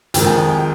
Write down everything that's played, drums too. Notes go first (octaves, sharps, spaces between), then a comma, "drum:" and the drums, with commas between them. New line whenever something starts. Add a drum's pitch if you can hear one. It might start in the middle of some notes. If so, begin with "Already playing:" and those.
F2 D#3 G#3 G5, drum: hi-hat
G#5
G#5
G5